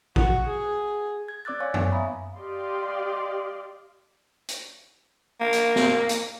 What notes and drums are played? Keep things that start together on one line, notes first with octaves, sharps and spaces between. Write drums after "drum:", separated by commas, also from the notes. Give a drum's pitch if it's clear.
F#4, drum: kick A1
G#4
G#6
C4 D5 D6 E6 F#6 A6
C#5 F5 G#5 C#6
B3, drum: tom F#2
E5 F5 G#5 A#5 B5 D#6
G4 D5 D#5 F5 C6
drum: hi-hat
A#3
drum: hi-hat
drum: snare
drum: hi-hat